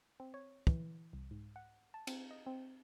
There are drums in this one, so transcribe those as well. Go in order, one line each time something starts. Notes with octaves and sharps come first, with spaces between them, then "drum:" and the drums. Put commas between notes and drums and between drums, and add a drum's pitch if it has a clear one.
C4
C#5
E3, drum: kick
C2
G#2
F#5
A5
C4, drum: cymbal
D#5
C4